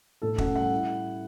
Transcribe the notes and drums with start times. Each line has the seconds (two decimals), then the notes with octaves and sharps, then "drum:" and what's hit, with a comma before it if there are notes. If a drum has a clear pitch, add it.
0.22 A2 A4
0.38 C#4 F#5, drum: kick
0.55 G3 F#5
0.72 E4